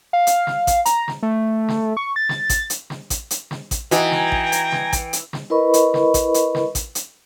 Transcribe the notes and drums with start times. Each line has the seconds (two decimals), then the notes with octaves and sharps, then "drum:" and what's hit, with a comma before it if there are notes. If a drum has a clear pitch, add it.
0.13 F5
0.27 drum: hi-hat
0.47 drum: snare
0.67 drum: kick A1, hi-hat
0.85 A#5, drum: hi-hat
1.08 drum: snare
1.23 A3
1.68 drum: snare
1.97 C#6
2.16 A6
2.29 drum: snare
2.49 drum: kick A1, hi-hat
2.70 drum: hi-hat
2.90 drum: snare
3.10 drum: kick A1, hi-hat
3.31 drum: hi-hat
3.51 drum: snare
3.71 drum: kick A1, hi-hat
3.91 E3 D#4 F#4 D#5 G5 G#5 A#5, drum: hi-hat
4.12 drum: snare
4.32 drum: kick A1
4.52 drum: hi-hat
4.72 drum: snare
4.93 drum: kick A1, hi-hat
5.13 drum: hi-hat
5.33 drum: snare
5.50 E4 A#4 B4 D#5 B5 C#6
5.74 drum: hi-hat
5.94 drum: snare
6.14 drum: kick A1, hi-hat
6.34 drum: hi-hat
6.55 drum: snare
6.75 drum: kick A1, hi-hat
6.95 drum: hi-hat